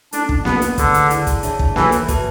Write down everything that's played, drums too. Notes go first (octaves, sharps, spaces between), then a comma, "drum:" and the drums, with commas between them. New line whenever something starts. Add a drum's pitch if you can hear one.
A3 C#4 D4 E4 A4, drum: hi-hat
drum: kick
A3 B3 D4 F#4 B4, drum: snare A#3
drum: hi-hat
D3 G#4 B4 F#5, drum: kick, hi-hat
drum: hi-hat
E4 G#4 D5 A5, drum: hi-hat
drum: kick, hi-hat
D4 G#4 C#5 E5 A5, drum: hi-hat
drum: kick
E3 F#4 A4 C#5 E5, drum: snare A#3
drum: hi-hat
F#4 B4 E5 A5, drum: kick, hi-hat